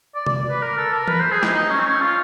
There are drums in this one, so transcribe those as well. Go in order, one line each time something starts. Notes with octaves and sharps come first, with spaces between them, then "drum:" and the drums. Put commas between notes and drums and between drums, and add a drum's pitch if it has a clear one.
D5
D5, drum: tom C3
B4
A#4
A4
A#4
B4, drum: tom E3
C5
G#4
D#4, drum: snare
D#4
C#4
C4
C#4
F4